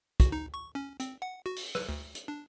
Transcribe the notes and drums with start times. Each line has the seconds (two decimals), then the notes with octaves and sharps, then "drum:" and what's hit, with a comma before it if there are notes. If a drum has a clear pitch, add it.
0.20 F#4, drum: kick, hi-hat
0.32 D#4
0.54 C#6
0.75 C#4
1.00 C4, drum: hi-hat
1.22 F#5
1.46 F#4
1.56 drum: open hi-hat
1.75 B4, drum: rim click
1.89 D2
2.15 drum: hi-hat
2.28 D4